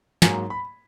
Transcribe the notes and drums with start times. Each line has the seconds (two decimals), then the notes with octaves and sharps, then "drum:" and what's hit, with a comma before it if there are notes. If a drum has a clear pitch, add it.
0.22 G#2 F#3 A#3 G#5, drum: snare
0.50 B5